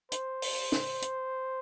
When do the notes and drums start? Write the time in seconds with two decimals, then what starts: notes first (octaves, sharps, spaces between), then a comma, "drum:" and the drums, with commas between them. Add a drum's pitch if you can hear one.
0.12 C5, drum: hi-hat
0.42 drum: open hi-hat
0.72 drum: snare
1.02 drum: hi-hat